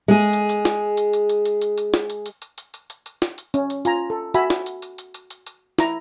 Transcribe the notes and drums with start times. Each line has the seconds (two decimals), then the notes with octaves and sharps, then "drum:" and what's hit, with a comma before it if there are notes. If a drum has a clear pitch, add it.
0.08 G#3 G#4
0.33 drum: hi-hat
0.49 drum: hi-hat
0.65 drum: snare
0.97 drum: hi-hat
1.13 drum: hi-hat
1.29 drum: hi-hat
1.45 drum: hi-hat
1.62 drum: hi-hat
1.78 drum: hi-hat
1.94 drum: snare
2.10 drum: hi-hat
2.26 drum: hi-hat
2.42 drum: hi-hat
2.58 drum: hi-hat
2.74 drum: hi-hat
2.90 drum: hi-hat
3.06 drum: hi-hat
3.22 drum: snare
3.38 drum: hi-hat
3.54 C#4, drum: hi-hat
3.70 drum: hi-hat
3.85 F4 G#5 A#5, drum: hi-hat
4.10 A4
4.34 F#4 E5 G#5 B5, drum: hi-hat
4.50 drum: snare
4.66 drum: hi-hat
4.82 drum: hi-hat
4.98 drum: hi-hat
5.14 drum: hi-hat
5.30 drum: hi-hat
5.47 drum: hi-hat
5.79 E4 A#5, drum: snare